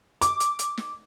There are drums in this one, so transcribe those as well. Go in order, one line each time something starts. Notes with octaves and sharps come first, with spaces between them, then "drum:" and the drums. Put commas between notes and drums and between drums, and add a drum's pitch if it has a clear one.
D6, drum: hi-hat
drum: hi-hat
drum: hi-hat
drum: snare